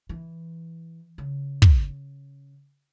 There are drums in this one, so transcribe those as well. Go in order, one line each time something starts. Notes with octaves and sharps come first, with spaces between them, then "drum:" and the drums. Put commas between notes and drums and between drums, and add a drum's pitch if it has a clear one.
E3
C#3
drum: kick